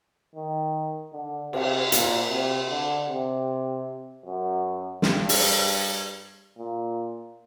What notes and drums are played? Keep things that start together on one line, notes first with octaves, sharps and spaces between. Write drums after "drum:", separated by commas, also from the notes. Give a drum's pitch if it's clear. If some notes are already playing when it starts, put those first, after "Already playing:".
D#3
D3
C3, drum: cymbal
A#2, drum: hi-hat
C3
D3
C3
F#2
G2, drum: snare
drum: open hi-hat
A#2